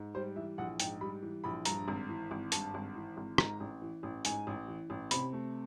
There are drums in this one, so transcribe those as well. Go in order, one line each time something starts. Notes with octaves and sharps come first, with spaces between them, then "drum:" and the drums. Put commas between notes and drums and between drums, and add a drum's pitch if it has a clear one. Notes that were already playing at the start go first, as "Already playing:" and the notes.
Already playing: G#2
G3 C5
E3 E5
A#1 F#5
G#2 G5, drum: hi-hat
G3 B5
E3
A#1 B5
G2 A#5, drum: hi-hat
G#1
E3
G#1
G2 A5, drum: hi-hat
G#1
E3
G#1
G#2 A#5, drum: rim click
A1
E3
A1
G#2 G#5, drum: hi-hat
A1
E3
A1
C3 B5, drum: hi-hat
A3